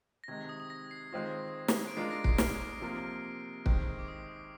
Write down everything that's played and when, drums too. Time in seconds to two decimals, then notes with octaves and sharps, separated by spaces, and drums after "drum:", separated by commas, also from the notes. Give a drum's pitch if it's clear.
0.24 A#6
0.28 C3 D#3 G#3 G#6
0.49 D#6
0.60 D#6
0.70 A#6
0.91 C7
1.13 D#3 G#3 C4 F4
1.68 drum: snare
1.87 D7
1.97 G#3 D4 F4 A#4 C7
2.11 A#6 D7
2.24 C7, drum: kick
2.38 F6, drum: snare
2.81 C3 F3 A#3 F4
3.66 D#3 G#3 C4, drum: kick
3.99 D6
4.08 D#6
4.29 D#6